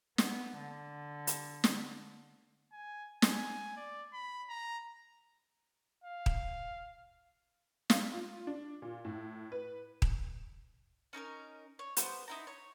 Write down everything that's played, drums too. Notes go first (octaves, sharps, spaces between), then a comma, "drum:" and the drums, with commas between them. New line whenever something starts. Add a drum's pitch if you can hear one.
B3, drum: snare
D3
drum: hi-hat
drum: snare
G#5
G#5, drum: snare
D5
B5
A#5
F5
drum: kick D#1
F5, drum: snare
F4
D4
A#2
A2
B4
drum: kick D#1
C#4 D#4 A4 A#4
C#5
B3 C5, drum: hi-hat
D#4 E4 A#5
C#5